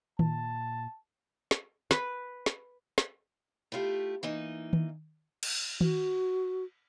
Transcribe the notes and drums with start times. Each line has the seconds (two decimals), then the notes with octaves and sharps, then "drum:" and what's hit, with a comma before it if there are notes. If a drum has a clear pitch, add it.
0.19 A#2 A5, drum: tom D#3
1.51 drum: snare
1.91 B4, drum: snare
2.46 drum: snare
2.98 drum: snare
3.72 A3 E4 F4 G4
4.23 E3 A#3 D#4
4.73 drum: tom D#3
5.43 drum: cymbal
5.81 F#4, drum: tom D#3